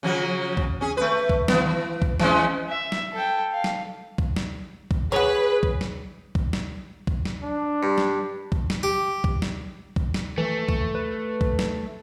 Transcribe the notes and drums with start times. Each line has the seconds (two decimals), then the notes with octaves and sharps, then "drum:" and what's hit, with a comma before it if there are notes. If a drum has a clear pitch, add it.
0.03 C#3 F3 F#3
0.57 drum: kick
0.81 C#4 G#4
0.97 A3 B4
1.29 drum: kick
1.48 E3 B3, drum: snare
1.66 E3
2.02 drum: kick
2.20 E3 G#3 C#4, drum: snare
2.69 E5
2.92 drum: snare
3.12 A4 G5
3.52 F5
3.64 drum: snare
4.18 drum: kick
4.36 drum: snare
4.91 drum: kick
5.12 F#4 G#4 B4 C#5
5.63 drum: kick
5.81 drum: snare
6.35 drum: kick
6.53 drum: snare
7.07 drum: kick
7.25 drum: snare
7.43 D4
7.83 G2
7.98 drum: snare
8.52 drum: kick
8.70 drum: snare
8.83 G4
9.24 drum: kick
9.42 drum: snare
9.96 drum: kick
10.14 drum: snare
10.38 E3 A3
10.69 drum: kick
10.95 B4
11.41 drum: kick
11.59 drum: snare